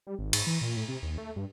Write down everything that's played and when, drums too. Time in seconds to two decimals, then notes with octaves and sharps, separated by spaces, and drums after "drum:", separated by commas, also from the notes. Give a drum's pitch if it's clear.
0.07 G3
0.19 G#1
0.33 G#2, drum: cymbal
0.47 E3
0.61 A#2
0.77 A2
0.88 C3
1.03 D#2
1.18 A3
1.36 G2